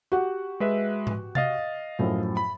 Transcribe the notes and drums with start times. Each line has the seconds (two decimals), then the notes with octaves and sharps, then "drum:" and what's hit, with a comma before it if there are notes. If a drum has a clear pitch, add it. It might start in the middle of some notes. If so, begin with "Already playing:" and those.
0.12 F#4 G4 F#5
0.60 G#3 B4 E5
1.07 drum: tom G#2
1.35 D#5 F5 A6, drum: tom C3
1.99 F#2 A2 F3
2.37 B5